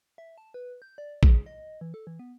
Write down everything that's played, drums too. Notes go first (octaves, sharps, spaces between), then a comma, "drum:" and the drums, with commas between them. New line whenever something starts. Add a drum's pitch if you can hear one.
E5
A5
B4
G6
D5
G#4, drum: kick A1
D#5
E3
A4
E3
B3